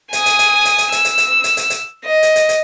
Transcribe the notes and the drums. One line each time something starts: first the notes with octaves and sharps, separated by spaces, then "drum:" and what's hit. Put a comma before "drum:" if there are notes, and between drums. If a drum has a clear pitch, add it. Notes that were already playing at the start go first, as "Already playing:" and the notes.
G#5 D#6, drum: hi-hat
drum: hi-hat
drum: hi-hat
drum: hi-hat
drum: hi-hat
E6, drum: hi-hat
drum: hi-hat
drum: hi-hat
drum: hi-hat
drum: hi-hat
drum: hi-hat
D#5
drum: hi-hat
drum: hi-hat
drum: hi-hat